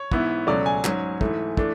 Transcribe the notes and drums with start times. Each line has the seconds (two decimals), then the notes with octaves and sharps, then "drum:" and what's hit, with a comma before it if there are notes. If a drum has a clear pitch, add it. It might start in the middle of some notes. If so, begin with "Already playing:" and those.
Already playing: C#5
0.11 G#2 E3 B3 E4, drum: kick
0.47 C#2 B2 F#3 A3 C#4 D5
0.66 G#5
0.84 G#2 F#3 C#4, drum: clap
1.21 G#2 E3 A3, drum: kick
1.57 E3 A3 D4, drum: kick